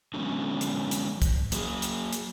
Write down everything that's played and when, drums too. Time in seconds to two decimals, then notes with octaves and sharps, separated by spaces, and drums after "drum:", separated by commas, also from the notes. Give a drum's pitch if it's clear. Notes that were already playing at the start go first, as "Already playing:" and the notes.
0.14 D3 E3 F#3 G#3 B3 C#4
0.61 drum: hi-hat
0.91 drum: hi-hat
1.22 drum: kick, hi-hat
1.52 F#3 A#3 F#4 G#4, drum: hi-hat
1.82 drum: hi-hat
2.13 drum: hi-hat